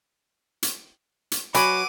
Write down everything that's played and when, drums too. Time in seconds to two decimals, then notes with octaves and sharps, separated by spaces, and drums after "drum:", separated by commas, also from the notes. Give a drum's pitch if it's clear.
0.63 drum: hi-hat
1.32 drum: hi-hat
1.55 F#3 B4 G#5 D6 D#7, drum: hi-hat